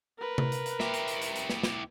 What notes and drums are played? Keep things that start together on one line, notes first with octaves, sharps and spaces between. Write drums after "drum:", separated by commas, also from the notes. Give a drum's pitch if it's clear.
A#4 B4
drum: tom C3
drum: hi-hat
drum: hi-hat
E4 G4, drum: snare
drum: hi-hat
drum: hi-hat
drum: hi-hat
drum: hi-hat
drum: snare
drum: snare